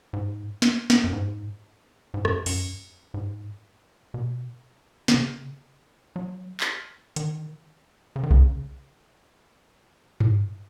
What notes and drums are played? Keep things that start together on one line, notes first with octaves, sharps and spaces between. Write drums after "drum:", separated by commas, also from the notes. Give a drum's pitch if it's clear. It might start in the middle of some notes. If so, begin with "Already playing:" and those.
G#2
drum: snare
drum: snare
F#2
G#2
G#2
F#2, drum: rim click
F#2, drum: open hi-hat
G#2
B2
D#3, drum: snare
C#3
F#3
drum: clap
D#3, drum: hi-hat
C#3
D#3
C#3, drum: kick B1
drum: tom G2